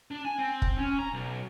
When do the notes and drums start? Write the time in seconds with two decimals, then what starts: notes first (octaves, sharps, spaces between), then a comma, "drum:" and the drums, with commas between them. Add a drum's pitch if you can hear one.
0.11 D4
0.25 G#5
0.38 C4
0.62 drum: kick
0.78 C#4
0.99 A#5
1.13 B1